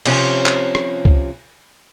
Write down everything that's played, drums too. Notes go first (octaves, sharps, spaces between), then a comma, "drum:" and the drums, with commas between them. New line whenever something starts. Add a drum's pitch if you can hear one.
C3 F3 C#4, drum: cymbal
drum: clap
drum: rim click
drum: kick C#2